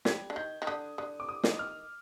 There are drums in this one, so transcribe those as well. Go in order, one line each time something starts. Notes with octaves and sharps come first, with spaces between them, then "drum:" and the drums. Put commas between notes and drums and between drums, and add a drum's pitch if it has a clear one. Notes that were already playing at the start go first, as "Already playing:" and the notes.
G3 G#6, drum: snare
D3
D#3 G6
D#3
D3 D#6
D3 D#6
D6
D#6
D#3, drum: snare
F6